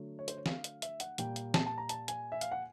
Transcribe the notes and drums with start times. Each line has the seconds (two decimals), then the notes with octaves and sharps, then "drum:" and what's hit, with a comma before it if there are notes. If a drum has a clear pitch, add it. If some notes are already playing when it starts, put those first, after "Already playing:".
Already playing: D3 F#3 A3
0.19 C#5
0.28 C5, drum: hi-hat
0.37 C#5
0.46 F5, drum: snare
0.64 drum: hi-hat
0.82 E5, drum: hi-hat
1.00 F#5, drum: hi-hat
1.18 A#2 G3 A#3 G5, drum: hi-hat
1.36 drum: hi-hat
1.54 A5, drum: snare
1.66 A5
1.78 A#5
1.89 A5, drum: hi-hat
2.08 G#5, drum: hi-hat
2.32 E5
2.41 F5, drum: hi-hat
2.52 F#5